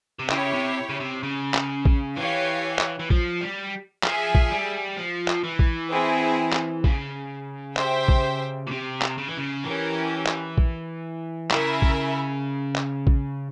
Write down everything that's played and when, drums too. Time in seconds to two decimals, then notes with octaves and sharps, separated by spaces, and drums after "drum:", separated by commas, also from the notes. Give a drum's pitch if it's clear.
0.19 C3
0.30 C#3 E4 G4 C#5, drum: clap
0.53 C3
0.89 C#3
1.00 C3
1.23 C#3
1.54 drum: clap
1.85 drum: kick A#1
2.16 E3 G4 C#5 F5 G#5
2.79 drum: clap
3.00 E3
3.10 F3, drum: kick A#1
3.41 G3
4.04 F3 G#4 E5 G#5, drum: clap
4.35 drum: kick A#1
4.50 G3
4.97 F3
5.28 drum: clap
5.44 E3
5.59 drum: kick A#1
5.90 C4 E4 G#4
6.53 drum: clap
6.84 C#3, drum: kick A#1
7.77 G4 C5 E5 G5, drum: clap
8.08 drum: kick A#1
8.67 A#2
8.71 C3
9.02 drum: clap
9.18 C#3
9.28 E3
9.37 C#3
9.64 E3 C#4 G4 A#4
10.26 drum: clap
10.58 drum: kick A#1
11.51 C#3 E4 A#4 E5 G#5, drum: clap
11.82 drum: kick A#1
12.76 drum: clap
13.07 drum: kick A#1